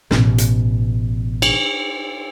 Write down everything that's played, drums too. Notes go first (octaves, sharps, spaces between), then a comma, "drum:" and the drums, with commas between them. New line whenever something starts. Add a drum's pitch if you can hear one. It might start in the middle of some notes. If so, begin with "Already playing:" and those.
A1 B2, drum: snare
drum: hi-hat
drum: cymbal